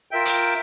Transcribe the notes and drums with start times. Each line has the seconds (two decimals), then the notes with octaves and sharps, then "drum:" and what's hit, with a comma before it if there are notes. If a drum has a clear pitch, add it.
0.11 F4 A#4 E5 G5
0.25 drum: hi-hat